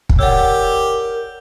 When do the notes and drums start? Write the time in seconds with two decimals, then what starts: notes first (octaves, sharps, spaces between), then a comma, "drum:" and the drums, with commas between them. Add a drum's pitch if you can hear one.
0.09 drum: kick
0.19 G4 A#4 C#5 D5 F#5 E6